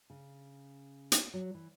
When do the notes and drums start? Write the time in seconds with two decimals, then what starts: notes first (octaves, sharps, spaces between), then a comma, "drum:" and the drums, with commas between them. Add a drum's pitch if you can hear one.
0.10 C#3
1.12 drum: hi-hat
1.34 F#3
1.55 E3